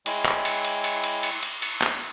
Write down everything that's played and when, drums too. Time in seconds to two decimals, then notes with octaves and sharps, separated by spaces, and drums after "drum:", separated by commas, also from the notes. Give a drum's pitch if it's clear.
0.06 G#3 E4 C#5 G5, drum: cymbal
0.26 drum: clap
0.45 drum: cymbal
0.65 drum: cymbal
0.84 drum: cymbal
1.04 drum: cymbal
1.23 drum: cymbal
1.43 drum: cymbal
1.62 drum: cymbal
1.82 drum: clap